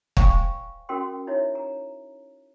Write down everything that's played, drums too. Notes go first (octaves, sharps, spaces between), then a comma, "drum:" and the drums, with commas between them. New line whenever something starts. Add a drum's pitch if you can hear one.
C5 D5 F5 G5 G#5 C#6, drum: kick
C#4 F#4 A4 A#4 G5 C6
D#4 E4 C#5 E5
A#5